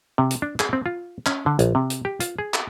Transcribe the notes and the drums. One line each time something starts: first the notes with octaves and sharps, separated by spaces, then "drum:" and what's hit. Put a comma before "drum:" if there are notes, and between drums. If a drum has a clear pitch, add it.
C3
drum: hi-hat
D4
G#4, drum: clap
C4
F4
C#4, drum: clap
D3
A#1, drum: hi-hat
C3
drum: hi-hat
G4
F4, drum: hi-hat
G#4
drum: clap